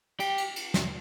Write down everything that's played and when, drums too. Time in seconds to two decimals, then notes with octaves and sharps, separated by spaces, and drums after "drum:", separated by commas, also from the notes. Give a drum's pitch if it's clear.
0.20 G4, drum: cymbal
0.38 drum: cymbal
0.56 drum: cymbal
0.74 drum: snare